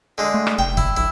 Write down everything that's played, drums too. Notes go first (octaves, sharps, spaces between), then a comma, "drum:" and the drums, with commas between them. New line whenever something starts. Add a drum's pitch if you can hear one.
D3 G#3
A3
drum: rim click
F1 G5
E4, drum: kick
B1 E4